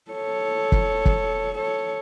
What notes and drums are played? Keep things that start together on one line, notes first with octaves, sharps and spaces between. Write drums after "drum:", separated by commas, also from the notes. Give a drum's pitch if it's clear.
A4 C#5
drum: kick
drum: kick
A4 C#5